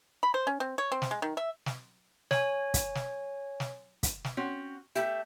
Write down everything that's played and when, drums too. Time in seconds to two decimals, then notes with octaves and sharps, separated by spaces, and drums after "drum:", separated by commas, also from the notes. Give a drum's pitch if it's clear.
0.23 B5
0.34 C5
0.47 C#4
0.60 C4
0.78 C#5
0.92 C4
1.02 drum: snare
1.11 G#3
1.22 D#3
1.37 E5
1.66 drum: snare
2.31 C#5 G#5, drum: snare
2.74 drum: kick, hi-hat
2.95 drum: snare
3.60 drum: snare
4.03 drum: kick, hi-hat
4.24 drum: snare
4.37 C4 C#4 F#4
4.96 A3 G4 E5